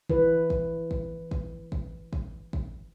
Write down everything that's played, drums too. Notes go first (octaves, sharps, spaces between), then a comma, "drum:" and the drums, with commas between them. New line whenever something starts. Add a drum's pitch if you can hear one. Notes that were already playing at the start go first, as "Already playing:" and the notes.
E3 B4, drum: kick
drum: kick
drum: kick
drum: kick
drum: kick
drum: kick
drum: kick